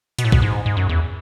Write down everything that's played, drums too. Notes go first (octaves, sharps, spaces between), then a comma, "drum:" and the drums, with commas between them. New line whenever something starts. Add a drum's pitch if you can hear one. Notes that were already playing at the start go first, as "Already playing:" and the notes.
B2, drum: hi-hat
A2
B2, drum: kick
G#2
G#2
F#2
E2